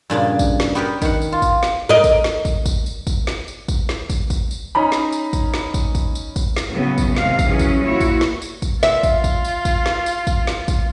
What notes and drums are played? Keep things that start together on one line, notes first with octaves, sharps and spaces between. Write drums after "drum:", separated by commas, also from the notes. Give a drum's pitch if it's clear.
G2 A#2 C#3 D4
drum: kick, tambourine
drum: snare
B3 F#4 G4 A#4 B4
D#3 F#5, drum: kick, tambourine
drum: tambourine
F4
drum: kick, tambourine
drum: snare
A#4 D#5
drum: kick, tambourine
drum: snare
drum: kick, tambourine
drum: kick, tambourine
drum: tambourine
drum: kick, tambourine
drum: snare
drum: tambourine
drum: kick, tambourine
drum: snare
drum: kick, tambourine
drum: kick, tambourine
drum: tambourine
C#4 D#4 A#5 B5
drum: snare
drum: tambourine
drum: kick, tambourine
drum: snare
drum: kick, tambourine
drum: kick, tambourine
drum: tambourine
drum: kick, tambourine
drum: snare
A2 C#3 F#3 B3
drum: kick, tambourine
D#2 G#2 C3 F5, drum: snare
drum: kick, tambourine
E3 F#3 C#4 G#4
drum: kick, tambourine
A#2 E4 F#4 C#5
drum: kick, tambourine
drum: snare
drum: tambourine
drum: kick, tambourine
F4 E5, drum: snare
drum: kick, tambourine
drum: kick, tambourine
drum: tambourine
drum: kick, tambourine
drum: snare
drum: tambourine
drum: kick, tambourine
drum: snare
drum: kick, tambourine